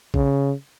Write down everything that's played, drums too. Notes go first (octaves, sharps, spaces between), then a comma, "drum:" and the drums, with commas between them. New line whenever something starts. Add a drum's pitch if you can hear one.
C#3, drum: kick A1